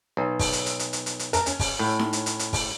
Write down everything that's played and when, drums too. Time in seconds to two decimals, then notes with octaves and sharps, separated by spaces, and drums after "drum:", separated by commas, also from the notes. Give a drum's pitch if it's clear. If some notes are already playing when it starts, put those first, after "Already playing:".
0.17 B1
0.39 drum: kick, open hi-hat
0.53 drum: hi-hat
0.66 drum: hi-hat
0.79 drum: hi-hat
0.93 drum: hi-hat
1.06 drum: hi-hat
1.19 drum: hi-hat
1.33 A#4 A5, drum: hi-hat
1.46 C#4, drum: hi-hat
1.59 drum: kick, open hi-hat
1.79 A2
1.99 drum: snare D#4
2.13 drum: hi-hat
2.26 drum: hi-hat
2.39 drum: hi-hat
2.53 drum: kick, open hi-hat